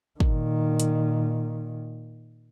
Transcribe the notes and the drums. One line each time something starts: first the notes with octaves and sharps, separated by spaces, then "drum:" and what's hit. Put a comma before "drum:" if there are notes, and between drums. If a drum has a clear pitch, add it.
A#2 D#3, drum: kick
drum: hi-hat